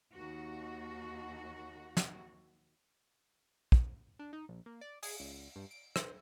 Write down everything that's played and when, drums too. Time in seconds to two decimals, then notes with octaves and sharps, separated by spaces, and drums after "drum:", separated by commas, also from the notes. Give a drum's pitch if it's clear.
0.13 D#2 F#4
1.97 drum: snare
3.72 drum: kick
4.19 D4
4.33 D#4
4.49 A#1
4.66 A#3
4.81 D5
5.03 G#4, drum: open hi-hat
5.20 C#2
5.56 G2
5.71 D7
5.96 C5, drum: rim click